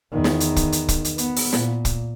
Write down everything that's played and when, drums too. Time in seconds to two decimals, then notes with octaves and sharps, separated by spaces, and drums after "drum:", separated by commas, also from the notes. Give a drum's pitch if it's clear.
0.13 E2 D#3
0.24 drum: snare
0.40 drum: hi-hat
0.56 drum: kick, hi-hat
0.72 drum: hi-hat
0.88 drum: kick, hi-hat
1.05 drum: hi-hat
1.18 B3, drum: hi-hat
1.37 drum: open hi-hat
1.53 A#2, drum: snare
1.85 drum: kick, hi-hat